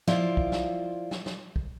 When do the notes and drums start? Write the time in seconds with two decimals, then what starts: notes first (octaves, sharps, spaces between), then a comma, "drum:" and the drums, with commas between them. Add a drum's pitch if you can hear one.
0.08 F3 E4 F4 D5, drum: snare
0.37 drum: kick
0.52 drum: snare
1.11 drum: snare
1.26 drum: snare
1.56 drum: kick